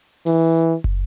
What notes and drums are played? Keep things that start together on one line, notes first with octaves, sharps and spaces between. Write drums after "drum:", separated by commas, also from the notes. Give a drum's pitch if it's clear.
E3, drum: open hi-hat
drum: kick